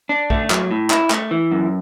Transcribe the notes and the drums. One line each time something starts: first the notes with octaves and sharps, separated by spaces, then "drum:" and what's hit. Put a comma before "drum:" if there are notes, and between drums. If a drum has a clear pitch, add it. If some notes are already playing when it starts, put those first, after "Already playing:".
D4
A3, drum: kick A#1
F#3, drum: clap
A2
E4, drum: clap
A3, drum: clap
E3
F#2